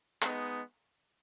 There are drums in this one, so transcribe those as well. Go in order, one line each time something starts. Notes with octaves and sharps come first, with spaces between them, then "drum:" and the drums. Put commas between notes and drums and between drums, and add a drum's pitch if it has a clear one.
G#3 B3 D#4, drum: clap